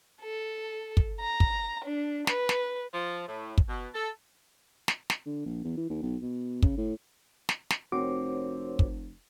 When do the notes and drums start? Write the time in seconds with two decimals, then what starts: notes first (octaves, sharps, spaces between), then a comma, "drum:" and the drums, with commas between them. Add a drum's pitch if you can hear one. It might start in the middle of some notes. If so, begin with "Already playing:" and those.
0.22 A4
0.97 drum: kick
1.21 A#5
1.40 drum: kick
1.85 D4
2.27 B4, drum: snare
2.49 drum: snare
2.94 F3
3.28 A2
3.58 drum: kick
3.68 B2
3.94 A4
4.88 drum: snare
5.10 drum: snare
5.26 D3
5.46 A#1
5.64 E2
5.77 E3
5.90 D#2
6.02 B1
6.22 B2
6.62 C#3, drum: kick
6.77 A2
7.49 drum: snare
7.70 drum: snare
7.92 F1 C4 F#4 A#4 C5 C#5 D6
8.79 drum: kick